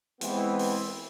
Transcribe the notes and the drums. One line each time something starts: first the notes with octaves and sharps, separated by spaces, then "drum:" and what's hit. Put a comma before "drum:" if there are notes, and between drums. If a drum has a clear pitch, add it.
E3 G#3 B3 C4, drum: hi-hat
drum: open hi-hat